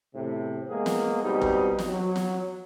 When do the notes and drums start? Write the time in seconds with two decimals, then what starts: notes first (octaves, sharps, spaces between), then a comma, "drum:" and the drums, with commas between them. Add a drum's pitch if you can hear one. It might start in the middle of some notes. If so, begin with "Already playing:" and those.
0.15 E2 A2 C3
0.69 G#3 A#3 B3 G#4
0.86 drum: snare
1.23 B2 G3 C4 D#4
1.41 drum: kick
1.79 drum: snare
1.88 F#3
2.16 drum: snare